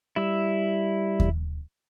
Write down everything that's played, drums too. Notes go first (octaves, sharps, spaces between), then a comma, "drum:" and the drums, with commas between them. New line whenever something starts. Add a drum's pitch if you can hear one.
G3 E4 E6
drum: kick D#2